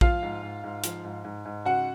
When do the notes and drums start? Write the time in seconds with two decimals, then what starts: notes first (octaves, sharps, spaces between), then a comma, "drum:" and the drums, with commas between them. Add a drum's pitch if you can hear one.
0.01 F3 F4 F5, drum: kick A#1
0.22 G#2
0.43 G#2
0.64 G#2
0.84 F3, drum: hi-hat
1.04 G#2
1.24 G#2
1.45 G#2
1.65 C#3 F#4 F#5